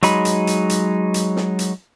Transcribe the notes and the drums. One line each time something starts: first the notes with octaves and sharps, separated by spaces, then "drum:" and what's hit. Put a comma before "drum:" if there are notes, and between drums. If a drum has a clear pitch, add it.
F#3 G#3 D#4 B5, drum: hi-hat
drum: hi-hat
drum: hi-hat
drum: hi-hat
drum: hi-hat
drum: snare
drum: hi-hat